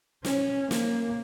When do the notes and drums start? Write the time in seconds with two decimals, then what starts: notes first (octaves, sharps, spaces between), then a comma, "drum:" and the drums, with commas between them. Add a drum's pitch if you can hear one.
0.25 C#4, drum: snare
0.71 A#3, drum: snare